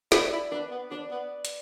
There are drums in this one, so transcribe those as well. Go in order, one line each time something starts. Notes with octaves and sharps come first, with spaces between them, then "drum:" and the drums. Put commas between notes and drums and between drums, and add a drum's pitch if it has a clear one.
E4 D5, drum: snare
E4
D4 B4
B3
D4 D5
B3
drum: hi-hat